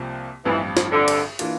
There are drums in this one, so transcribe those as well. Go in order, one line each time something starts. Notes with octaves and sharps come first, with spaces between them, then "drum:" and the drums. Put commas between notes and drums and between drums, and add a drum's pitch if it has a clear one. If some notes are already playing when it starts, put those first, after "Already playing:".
Already playing: C2 C3 F3 A#3
A1 G2 E3 F3 C4 F4
drum: snare
D3
drum: cymbal
E3 A#3 D4 F4, drum: cymbal